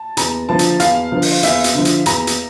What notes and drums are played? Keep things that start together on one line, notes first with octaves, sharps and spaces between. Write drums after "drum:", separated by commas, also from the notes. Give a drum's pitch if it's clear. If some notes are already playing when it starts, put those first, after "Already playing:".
Already playing: A5
E2 A#5, drum: hi-hat
D3 F3 A5
drum: hi-hat
E2 F5, drum: hi-hat
D3 F3
drum: open hi-hat
E2 E5, drum: hi-hat
drum: hi-hat
D3 F3
drum: hi-hat
E2 A#5, drum: hi-hat
drum: hi-hat